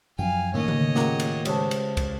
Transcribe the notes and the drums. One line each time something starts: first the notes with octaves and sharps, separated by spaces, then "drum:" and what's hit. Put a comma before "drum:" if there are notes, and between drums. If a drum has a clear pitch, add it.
F#2 F3 F#3 F5 G5 G#5
D#2 A2 D#3 A3 C#4 C#5 D#5
drum: tom C#3
A#2 C#3 G4 F#5 A#5, drum: snare
drum: cymbal
C#2 G4 C5 C#5 A5, drum: cymbal
drum: cymbal
drum: kick, cymbal